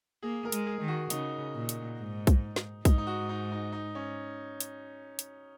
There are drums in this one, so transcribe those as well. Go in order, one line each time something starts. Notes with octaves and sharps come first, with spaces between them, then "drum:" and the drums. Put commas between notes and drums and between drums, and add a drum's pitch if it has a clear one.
A#3 G#4
A#4
G#3, drum: hi-hat
G#4
D#3
F#4
C#3 D#4, drum: hi-hat
A#2
drum: hi-hat
G#2
drum: kick B1, hi-hat
drum: snare
G#2 D#4, drum: kick B1, hi-hat
D#4
F#4
D#4
D#4
D#4
C#4
drum: hi-hat
drum: hi-hat